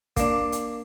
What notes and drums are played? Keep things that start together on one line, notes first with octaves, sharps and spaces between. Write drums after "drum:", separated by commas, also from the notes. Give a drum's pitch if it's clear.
A#3 D4, drum: kick, hi-hat
drum: hi-hat